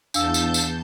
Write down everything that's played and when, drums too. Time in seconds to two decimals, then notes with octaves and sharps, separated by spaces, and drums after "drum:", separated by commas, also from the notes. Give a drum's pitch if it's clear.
0.14 E2 D4 F5 A5 E6 G6, drum: tambourine
0.34 drum: tambourine
0.54 drum: tambourine